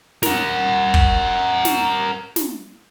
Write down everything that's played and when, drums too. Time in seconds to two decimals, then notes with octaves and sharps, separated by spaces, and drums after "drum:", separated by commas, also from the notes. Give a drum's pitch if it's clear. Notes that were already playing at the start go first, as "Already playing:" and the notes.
0.23 A#4 F#5, drum: snare
0.94 drum: kick
1.65 drum: snare
2.36 drum: snare